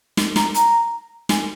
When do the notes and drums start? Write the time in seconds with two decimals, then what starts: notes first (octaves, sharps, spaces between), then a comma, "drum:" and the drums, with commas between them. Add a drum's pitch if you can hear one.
0.17 drum: snare
0.36 A#5, drum: snare
0.54 A#5, drum: hi-hat
1.29 G#5, drum: snare